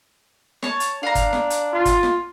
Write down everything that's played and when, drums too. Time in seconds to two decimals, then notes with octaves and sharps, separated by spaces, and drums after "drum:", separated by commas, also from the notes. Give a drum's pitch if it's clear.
0.63 C#5 A5, drum: snare
0.80 drum: hi-hat
1.03 D4 F5 A#5
1.15 drum: kick G1, hi-hat
1.33 drum: snare
1.50 drum: hi-hat
1.73 F4
1.85 drum: kick G1, hi-hat
2.03 drum: snare